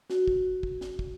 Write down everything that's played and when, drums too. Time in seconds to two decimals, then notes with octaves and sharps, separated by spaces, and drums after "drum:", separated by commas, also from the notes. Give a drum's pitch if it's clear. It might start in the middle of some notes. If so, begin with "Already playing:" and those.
0.10 F#4, drum: snare
0.28 drum: kick
0.63 drum: kick
0.81 drum: snare
0.99 drum: kick